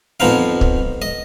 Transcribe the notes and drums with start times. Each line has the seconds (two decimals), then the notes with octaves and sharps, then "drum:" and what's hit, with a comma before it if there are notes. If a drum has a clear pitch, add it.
0.20 F2 F3 B3 D#4 F5
0.61 drum: kick
1.02 D#5